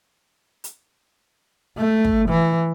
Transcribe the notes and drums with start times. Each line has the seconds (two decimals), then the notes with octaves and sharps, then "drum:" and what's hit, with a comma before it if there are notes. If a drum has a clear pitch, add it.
0.64 drum: hi-hat
1.78 A3
2.05 drum: kick
2.29 E3